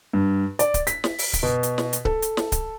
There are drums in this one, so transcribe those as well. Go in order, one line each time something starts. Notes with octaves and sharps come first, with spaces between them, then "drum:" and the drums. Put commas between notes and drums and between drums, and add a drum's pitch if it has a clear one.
G2
D5, drum: hi-hat
drum: kick C#1, hi-hat
B6, drum: hi-hat
drum: snare
drum: open hi-hat
drum: kick C#1, hi-hat
B2
drum: hi-hat
drum: snare
drum: hi-hat
A4, drum: kick C#1
drum: hi-hat
drum: snare
drum: kick C#1, hi-hat